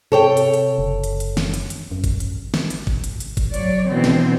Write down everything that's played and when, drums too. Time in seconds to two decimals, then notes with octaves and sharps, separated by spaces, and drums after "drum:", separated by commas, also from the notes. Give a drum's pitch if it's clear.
0.12 C3 A4 C#5 G5
0.37 drum: hi-hat
0.54 drum: hi-hat
0.78 F#1
1.04 drum: hi-hat
1.20 drum: hi-hat
1.37 drum: snare
1.54 drum: hi-hat
1.70 drum: hi-hat
1.91 F#2
2.04 drum: kick G1, hi-hat
2.20 drum: hi-hat
2.54 drum: snare
2.70 drum: hi-hat
2.87 drum: kick G1
3.04 drum: hi-hat
3.20 drum: hi-hat
3.37 drum: kick G1, hi-hat
3.54 F#3 C#5 D5, drum: hi-hat
3.91 B2 D3 E3 C4
4.04 drum: snare